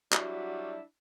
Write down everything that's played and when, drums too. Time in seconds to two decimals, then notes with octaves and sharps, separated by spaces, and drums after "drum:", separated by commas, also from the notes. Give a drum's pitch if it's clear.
0.13 F#3 G3 D4 E4 F#4, drum: clap